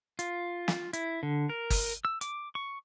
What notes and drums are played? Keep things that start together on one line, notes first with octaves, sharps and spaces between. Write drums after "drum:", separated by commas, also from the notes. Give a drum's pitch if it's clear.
F4, drum: hi-hat
drum: snare
E4, drum: hi-hat
D3
A#4
drum: kick, open hi-hat
E6
D6, drum: hi-hat
C#6